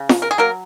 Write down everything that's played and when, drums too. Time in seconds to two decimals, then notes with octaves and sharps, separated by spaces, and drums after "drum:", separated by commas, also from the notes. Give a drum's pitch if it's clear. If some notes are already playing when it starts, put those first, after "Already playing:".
Already playing: C#3
0.09 drum: snare
0.22 A#4
0.31 G#4
0.38 F#3 A#3 A#4